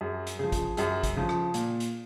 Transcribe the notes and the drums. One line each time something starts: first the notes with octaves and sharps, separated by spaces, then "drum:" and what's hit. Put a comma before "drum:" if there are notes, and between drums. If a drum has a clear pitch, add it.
F#2 G#4
drum: hi-hat
C#3 F3 G#4
drum: kick, hi-hat
F#2 G#4, drum: hi-hat
drum: kick, hi-hat
C#3 F3
drum: rim click
A#2, drum: hi-hat
drum: hi-hat